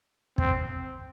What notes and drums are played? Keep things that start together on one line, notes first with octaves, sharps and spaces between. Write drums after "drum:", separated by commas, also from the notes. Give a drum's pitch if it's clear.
C4, drum: kick